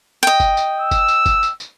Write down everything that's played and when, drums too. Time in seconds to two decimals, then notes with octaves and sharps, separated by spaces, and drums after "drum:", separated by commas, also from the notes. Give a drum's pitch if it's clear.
0.23 D#5 G5
0.40 drum: kick, tambourine
0.57 drum: tambourine
0.80 E6
0.91 drum: kick, tambourine
1.09 drum: tambourine
1.26 drum: kick, tambourine
1.43 drum: tambourine
1.60 drum: tambourine